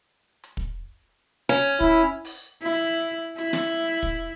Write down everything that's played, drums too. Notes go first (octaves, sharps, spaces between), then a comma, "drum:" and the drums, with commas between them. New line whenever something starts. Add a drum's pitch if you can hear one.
drum: hi-hat
drum: kick
C#4
E4, drum: kick
drum: open hi-hat
E4
E4, drum: hi-hat
drum: snare
drum: kick